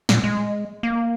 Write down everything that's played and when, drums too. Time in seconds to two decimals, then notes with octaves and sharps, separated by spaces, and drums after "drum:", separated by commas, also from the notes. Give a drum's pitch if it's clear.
0.09 A#2, drum: snare
0.24 G#3
0.83 A#3